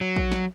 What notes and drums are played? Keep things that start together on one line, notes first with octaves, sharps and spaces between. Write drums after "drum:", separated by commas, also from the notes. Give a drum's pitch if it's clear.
F#3
drum: kick A#1
drum: snare